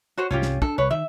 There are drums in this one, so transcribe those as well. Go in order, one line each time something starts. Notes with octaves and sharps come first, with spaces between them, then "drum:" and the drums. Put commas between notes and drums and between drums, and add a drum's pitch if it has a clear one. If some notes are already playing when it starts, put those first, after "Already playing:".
F#4 C5 C#5
C2 G2 C#4 F4 G4
drum: snare
D4 A4, drum: kick
C2 B4 C#5
D#3 E5